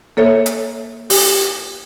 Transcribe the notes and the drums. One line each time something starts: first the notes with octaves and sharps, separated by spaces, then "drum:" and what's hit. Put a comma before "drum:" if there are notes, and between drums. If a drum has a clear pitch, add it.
A#3 A4 C#5 E5
drum: hi-hat
G4, drum: open hi-hat